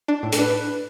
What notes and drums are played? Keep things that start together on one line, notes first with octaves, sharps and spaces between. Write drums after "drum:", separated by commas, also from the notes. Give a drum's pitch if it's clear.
D4
A2
A4, drum: hi-hat
D4 B4